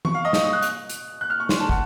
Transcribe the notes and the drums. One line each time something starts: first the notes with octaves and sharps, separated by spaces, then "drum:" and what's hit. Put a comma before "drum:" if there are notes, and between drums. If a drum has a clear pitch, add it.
C#6, drum: tom E3
F5
D#5
C#6, drum: snare
D#6
F#6
drum: hi-hat
drum: hi-hat
F#6
F6
C#6
C6, drum: snare
A5
F#5, drum: kick